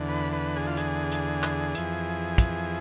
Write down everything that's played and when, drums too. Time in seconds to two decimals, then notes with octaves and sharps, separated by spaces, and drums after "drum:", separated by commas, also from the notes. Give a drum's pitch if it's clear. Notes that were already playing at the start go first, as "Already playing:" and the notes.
Already playing: E2 D3
0.09 B4
0.33 B4
0.56 G#4
0.67 F4
0.77 G#4, drum: hi-hat
1.12 drum: hi-hat
1.43 drum: clap
1.75 F2 E3, drum: hi-hat
2.38 drum: kick, hi-hat